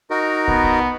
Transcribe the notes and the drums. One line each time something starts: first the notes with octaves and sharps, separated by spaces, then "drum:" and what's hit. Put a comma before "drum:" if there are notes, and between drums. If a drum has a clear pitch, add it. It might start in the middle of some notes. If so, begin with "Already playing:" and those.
D#4 F#4 A#4
B3, drum: kick
drum: kick